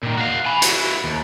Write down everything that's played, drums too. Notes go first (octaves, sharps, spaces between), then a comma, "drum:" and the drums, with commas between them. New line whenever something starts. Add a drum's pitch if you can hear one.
A#2 D#3
F#4 F5
G#5 B5
E4 F#4, drum: hi-hat
D#2